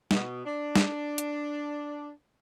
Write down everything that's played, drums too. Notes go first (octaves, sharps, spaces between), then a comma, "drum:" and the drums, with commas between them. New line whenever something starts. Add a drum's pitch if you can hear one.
B2, drum: snare
D4
drum: snare
drum: hi-hat